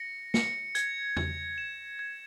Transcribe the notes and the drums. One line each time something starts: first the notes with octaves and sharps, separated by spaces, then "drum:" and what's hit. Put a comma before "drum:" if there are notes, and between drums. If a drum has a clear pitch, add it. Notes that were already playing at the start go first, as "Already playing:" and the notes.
Already playing: A#6 C#7
C#7, drum: snare
G#6, drum: hi-hat
G#6, drum: tom E2
E7
G#6